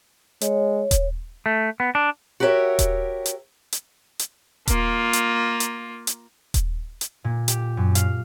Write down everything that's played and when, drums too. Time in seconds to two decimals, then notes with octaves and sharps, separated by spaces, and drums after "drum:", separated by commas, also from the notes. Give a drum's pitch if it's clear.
0.41 G#3 C#5, drum: hi-hat
0.91 drum: kick D#1, hi-hat
1.46 A3
1.80 B3
1.95 D4
2.40 F#4 G4 A#4 B4 C#5 E5
2.79 drum: kick D#1, hi-hat
3.26 drum: hi-hat
3.72 drum: hi-hat
4.19 drum: hi-hat
4.67 A#3 F4, drum: kick D#1, hi-hat
5.13 drum: hi-hat
5.60 drum: hi-hat
6.07 drum: hi-hat
6.54 drum: kick D#1, hi-hat
7.01 drum: hi-hat
7.24 A#2
7.48 G4, drum: hi-hat
7.77 F#2
7.95 F5, drum: hi-hat